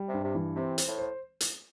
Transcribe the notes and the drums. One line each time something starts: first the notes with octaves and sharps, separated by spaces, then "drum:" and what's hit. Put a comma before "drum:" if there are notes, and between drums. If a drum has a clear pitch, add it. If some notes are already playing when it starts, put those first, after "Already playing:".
Already playing: G3
C3
G2
C3
E3
C3 C4
C5, drum: hi-hat
A2
C5
drum: hi-hat